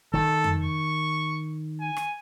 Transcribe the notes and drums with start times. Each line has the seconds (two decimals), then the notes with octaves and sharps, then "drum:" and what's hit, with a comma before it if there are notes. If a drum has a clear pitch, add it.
0.14 D#3 A4, drum: kick
0.44 drum: tom F2
0.62 C#6
1.80 G#5
1.97 drum: rim click